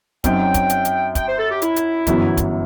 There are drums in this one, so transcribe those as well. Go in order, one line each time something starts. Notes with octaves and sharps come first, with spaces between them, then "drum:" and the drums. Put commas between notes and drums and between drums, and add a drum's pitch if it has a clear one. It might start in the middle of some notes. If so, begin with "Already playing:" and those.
F#2 F#3 C4 D#4 G5, drum: kick, hi-hat
drum: kick, hi-hat
drum: hi-hat
drum: hi-hat
G5, drum: kick, hi-hat
C5
A4
G4
E4, drum: hi-hat
drum: hi-hat
G1 F#2 E3 B3 F#4, drum: kick, hi-hat
drum: kick, hi-hat